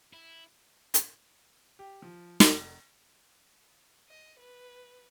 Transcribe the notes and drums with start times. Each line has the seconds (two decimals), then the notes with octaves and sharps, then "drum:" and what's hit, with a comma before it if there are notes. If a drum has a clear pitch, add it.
0.13 E4
0.94 drum: hi-hat
1.79 G4
2.02 F3
2.40 F1, drum: snare
4.09 D#5
4.40 B4